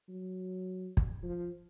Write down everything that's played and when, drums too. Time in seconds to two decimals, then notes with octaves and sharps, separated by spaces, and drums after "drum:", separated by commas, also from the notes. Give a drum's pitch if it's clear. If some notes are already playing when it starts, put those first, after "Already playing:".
0.09 F#3
0.97 drum: kick
1.23 F3